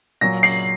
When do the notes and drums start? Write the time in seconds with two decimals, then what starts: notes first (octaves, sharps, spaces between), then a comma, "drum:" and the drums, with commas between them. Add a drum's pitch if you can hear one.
0.21 A#2 F#3 A#6
0.43 C7, drum: open hi-hat